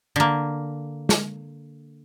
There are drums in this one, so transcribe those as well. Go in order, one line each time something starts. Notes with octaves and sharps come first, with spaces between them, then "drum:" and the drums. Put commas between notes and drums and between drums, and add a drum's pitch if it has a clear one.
D3 A#3
drum: snare